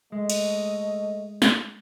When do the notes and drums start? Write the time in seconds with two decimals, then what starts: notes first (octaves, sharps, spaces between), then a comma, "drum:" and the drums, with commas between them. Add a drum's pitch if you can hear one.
0.12 G#3 A3 D#5
0.30 drum: cymbal
1.42 drum: snare